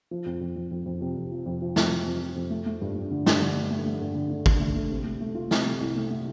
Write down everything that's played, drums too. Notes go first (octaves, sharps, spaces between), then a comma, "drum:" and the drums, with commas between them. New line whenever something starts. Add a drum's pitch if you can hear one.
F3
F2
F2
F2
F2
F2
C3
F2
F3
F2
F3
F2, drum: snare
F3
F2
F2
F2
A3
A3
G2
D4
D3
G2, drum: snare
D3
A3
A3
A3
G2
D3
D3
D4, drum: kick
A3
A3
C3
A3
A3
F4
C3, drum: snare
A3
C2
A3
A3